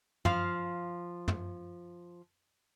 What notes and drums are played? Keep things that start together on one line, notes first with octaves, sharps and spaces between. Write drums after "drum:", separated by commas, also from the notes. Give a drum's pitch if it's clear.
F3 F5, drum: tom
drum: tom